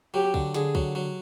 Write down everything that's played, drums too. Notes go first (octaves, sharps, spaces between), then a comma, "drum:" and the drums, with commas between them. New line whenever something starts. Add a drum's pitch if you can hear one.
F#3 G4
D3, drum: kick
D3 G#4, drum: snare
F#3, drum: kick
F#3